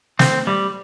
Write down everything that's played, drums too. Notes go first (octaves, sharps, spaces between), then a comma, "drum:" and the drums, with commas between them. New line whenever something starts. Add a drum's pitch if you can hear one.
C4, drum: snare
G3